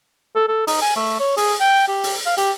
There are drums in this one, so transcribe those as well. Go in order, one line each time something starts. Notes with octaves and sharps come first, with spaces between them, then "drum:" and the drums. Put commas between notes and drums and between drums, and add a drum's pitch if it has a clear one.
A4
A4
D#4, drum: open hi-hat
G#5
A3
C#5
G#4, drum: open hi-hat
G5
G4
drum: open hi-hat
F5
G4, drum: hi-hat